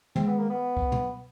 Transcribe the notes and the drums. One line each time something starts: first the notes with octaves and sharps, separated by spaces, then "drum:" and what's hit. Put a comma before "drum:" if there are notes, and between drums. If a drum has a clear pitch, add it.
G#3 C4, drum: tom
B3
A#3
B3
drum: kick C#2
drum: tom